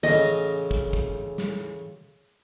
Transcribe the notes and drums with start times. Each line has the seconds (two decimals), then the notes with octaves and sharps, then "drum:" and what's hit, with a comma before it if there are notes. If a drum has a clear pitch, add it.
0.03 A1 C#3 D#5
0.71 drum: kick
0.93 drum: kick
1.38 drum: snare